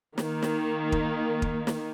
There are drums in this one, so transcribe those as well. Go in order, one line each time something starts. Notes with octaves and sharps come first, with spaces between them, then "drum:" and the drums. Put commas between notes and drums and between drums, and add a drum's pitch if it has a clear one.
D#3 A#3, drum: snare
drum: snare
drum: kick
drum: kick
drum: snare